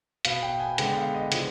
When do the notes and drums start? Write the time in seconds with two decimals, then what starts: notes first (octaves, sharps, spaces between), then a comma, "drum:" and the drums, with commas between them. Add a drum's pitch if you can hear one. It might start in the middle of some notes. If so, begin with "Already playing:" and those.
0.25 B2 B3 F5, drum: hi-hat
0.43 G5
0.60 G#5
0.78 D3 G#3 B3 G5, drum: hi-hat
0.97 F5
1.14 D#5
1.32 D3 F3 G#3, drum: hi-hat